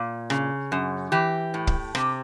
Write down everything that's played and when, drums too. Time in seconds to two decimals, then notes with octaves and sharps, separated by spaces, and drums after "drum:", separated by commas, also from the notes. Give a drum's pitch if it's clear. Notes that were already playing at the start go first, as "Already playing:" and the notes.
Already playing: A#2
0.30 C#3, drum: rim click
0.72 F#2
1.12 E3 G4
1.54 A2
1.67 drum: kick
1.95 C3, drum: rim click